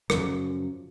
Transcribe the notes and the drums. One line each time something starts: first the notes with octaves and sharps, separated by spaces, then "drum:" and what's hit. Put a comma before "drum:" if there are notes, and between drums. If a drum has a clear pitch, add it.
F#2 C#3 F3, drum: rim click